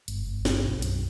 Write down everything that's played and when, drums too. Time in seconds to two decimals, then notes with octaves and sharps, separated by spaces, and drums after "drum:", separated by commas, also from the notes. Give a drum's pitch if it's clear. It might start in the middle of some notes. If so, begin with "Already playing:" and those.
0.08 G1, drum: hi-hat
0.27 G1
0.45 A#2, drum: snare
0.64 B1
0.82 F#2, drum: hi-hat